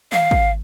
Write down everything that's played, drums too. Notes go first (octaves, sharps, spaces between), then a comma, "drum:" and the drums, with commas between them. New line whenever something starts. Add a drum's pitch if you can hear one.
F5, drum: tom D#3
drum: kick